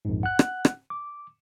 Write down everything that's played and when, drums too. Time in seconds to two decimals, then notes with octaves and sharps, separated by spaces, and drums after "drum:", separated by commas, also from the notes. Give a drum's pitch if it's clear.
0.05 A#1 F2 G#2
0.23 F#5 F#6
0.39 drum: rim click
0.65 drum: rim click
0.90 D6